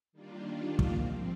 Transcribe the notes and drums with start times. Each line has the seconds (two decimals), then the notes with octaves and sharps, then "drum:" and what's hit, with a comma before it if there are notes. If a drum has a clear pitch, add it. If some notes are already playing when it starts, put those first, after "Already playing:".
0.13 D#3 G3 A#3 D4 F4
0.79 drum: kick
0.92 G#2 F3 C4